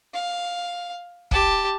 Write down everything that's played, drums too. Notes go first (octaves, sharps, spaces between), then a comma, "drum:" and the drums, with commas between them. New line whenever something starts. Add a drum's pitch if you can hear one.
F5
G4 A5, drum: kick